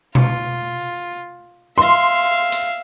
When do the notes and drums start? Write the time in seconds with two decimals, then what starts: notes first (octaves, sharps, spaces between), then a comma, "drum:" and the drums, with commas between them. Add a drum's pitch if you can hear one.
0.15 F4, drum: tom B2
1.78 E5 F5 C6
2.52 drum: hi-hat